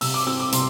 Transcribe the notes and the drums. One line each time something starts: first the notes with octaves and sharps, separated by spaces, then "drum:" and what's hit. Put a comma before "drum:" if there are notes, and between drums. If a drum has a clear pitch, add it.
C3 E6, drum: open hi-hat
D6
C4 E6
D6
C3 C6, drum: hi-hat